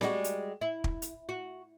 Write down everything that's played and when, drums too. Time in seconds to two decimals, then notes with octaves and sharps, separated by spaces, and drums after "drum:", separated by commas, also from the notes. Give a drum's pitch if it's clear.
0.01 G3 G#3 F#4, drum: snare C4
0.24 drum: hi-hat
0.61 E4
0.84 drum: kick
1.02 drum: hi-hat
1.29 F#4